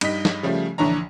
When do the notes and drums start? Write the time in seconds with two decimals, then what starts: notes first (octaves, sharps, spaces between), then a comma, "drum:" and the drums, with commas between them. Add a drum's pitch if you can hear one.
0.01 G2 D#4 D#5 B6, drum: cymbal
0.25 drum: snare
0.43 C#3 F3 G3 A3
0.78 A#1 D3 E3 D4 C#5 A#5